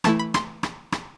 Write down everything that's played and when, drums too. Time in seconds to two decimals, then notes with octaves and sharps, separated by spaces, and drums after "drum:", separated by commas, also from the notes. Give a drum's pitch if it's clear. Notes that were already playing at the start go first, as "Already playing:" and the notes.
0.04 E3 A3 E4 A5, drum: rim click
0.19 B5
0.34 C6, drum: rim click
0.63 drum: rim click
0.92 drum: rim click